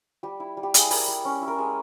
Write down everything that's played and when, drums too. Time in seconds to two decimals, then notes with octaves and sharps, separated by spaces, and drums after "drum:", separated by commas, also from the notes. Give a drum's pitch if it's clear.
0.23 G3 G4
0.40 E4
0.57 G3
0.63 G4
0.74 E4 G#4, drum: hi-hat
0.91 G3 A#4, drum: open hi-hat
1.08 G3
1.25 C#4
1.42 E4
1.48 A#4
1.59 G#3 G#4